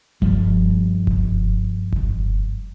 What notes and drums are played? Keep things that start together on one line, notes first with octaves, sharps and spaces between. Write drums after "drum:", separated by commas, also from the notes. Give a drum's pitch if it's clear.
G2 F3 G3, drum: kick F#1
drum: kick F#1
drum: kick F#1